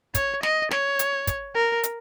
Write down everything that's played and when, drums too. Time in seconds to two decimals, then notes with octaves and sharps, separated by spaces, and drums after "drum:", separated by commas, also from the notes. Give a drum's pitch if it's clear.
0.15 C#5, drum: kick, hi-hat
0.43 D#5, drum: snare
0.71 C#5, drum: snare
0.99 drum: hi-hat
1.27 drum: kick, hi-hat
1.55 A#4
1.84 drum: hi-hat